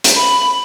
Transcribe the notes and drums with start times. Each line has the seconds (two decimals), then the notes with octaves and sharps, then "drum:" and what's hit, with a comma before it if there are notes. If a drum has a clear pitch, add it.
0.04 drum: hi-hat
0.16 B5